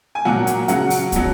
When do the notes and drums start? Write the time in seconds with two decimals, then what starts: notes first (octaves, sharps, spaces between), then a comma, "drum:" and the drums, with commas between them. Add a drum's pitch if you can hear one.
0.15 G#5
0.25 A#2 F#3 F#5, drum: snare G3
0.47 drum: hi-hat
0.68 C#3 F#3 F#5, drum: hi-hat
0.90 drum: open hi-hat
1.12 B2 F#3, drum: kick, hi-hat